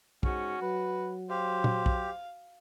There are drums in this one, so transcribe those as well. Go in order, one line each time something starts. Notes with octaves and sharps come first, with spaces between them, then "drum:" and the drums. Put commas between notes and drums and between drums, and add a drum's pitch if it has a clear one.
G#2 C#4 F#4, drum: kick
F#3 B4
G4 C5 F5
drum: tom A#2
drum: kick